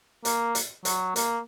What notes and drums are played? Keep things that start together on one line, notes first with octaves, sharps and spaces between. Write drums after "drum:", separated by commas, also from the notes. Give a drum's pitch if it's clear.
A#3, drum: hi-hat
drum: hi-hat
F#3, drum: hi-hat
A#3, drum: hi-hat